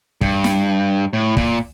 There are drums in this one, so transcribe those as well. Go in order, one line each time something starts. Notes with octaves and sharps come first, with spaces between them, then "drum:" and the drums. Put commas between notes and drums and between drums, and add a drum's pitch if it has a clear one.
G2, drum: kick
drum: snare
A2
A#2, drum: kick